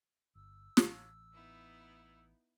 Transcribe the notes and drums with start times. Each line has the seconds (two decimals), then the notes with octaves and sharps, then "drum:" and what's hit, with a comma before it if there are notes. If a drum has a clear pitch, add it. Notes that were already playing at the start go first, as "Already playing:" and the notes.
0.35 G1 E6
0.77 A1, drum: snare
1.33 B3 D#4 E4